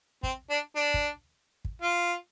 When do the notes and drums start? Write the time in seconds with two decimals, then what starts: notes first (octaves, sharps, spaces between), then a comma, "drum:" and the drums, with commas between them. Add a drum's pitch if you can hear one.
0.23 C4, drum: kick
0.50 D4
0.76 D4
0.94 drum: kick
1.65 drum: kick
1.82 F4